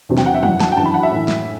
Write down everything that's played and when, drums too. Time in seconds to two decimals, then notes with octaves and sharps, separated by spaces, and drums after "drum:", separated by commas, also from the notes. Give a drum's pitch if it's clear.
0.09 E2 C3 F#3
0.17 G5, drum: snare
0.26 F#5
0.34 E5
0.43 F#2 E3 F#5, drum: tom
0.60 A5, drum: snare
0.72 G5
0.77 F#2 E3 A5
0.85 B5
0.94 F#5
1.03 E5
1.11 A2 E3
1.28 drum: snare